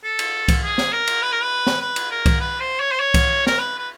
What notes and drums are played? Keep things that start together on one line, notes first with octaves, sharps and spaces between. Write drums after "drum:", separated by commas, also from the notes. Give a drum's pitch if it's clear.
A4
drum: cymbal
drum: kick C2, cymbal
G#4
drum: snare
A#4
drum: cymbal
B4
A#4
B4
drum: snare
B4
drum: cymbal
A#4
drum: kick C2, cymbal
B4
C5
C#5
C5
C#5
drum: kick C2, cymbal
A#4, drum: snare
B4
B4